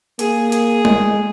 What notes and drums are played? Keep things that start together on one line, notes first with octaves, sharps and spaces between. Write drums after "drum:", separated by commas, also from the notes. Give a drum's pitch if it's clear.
A#3 G#4, drum: hi-hat
G#4, drum: hi-hat
G#3, drum: tom G#3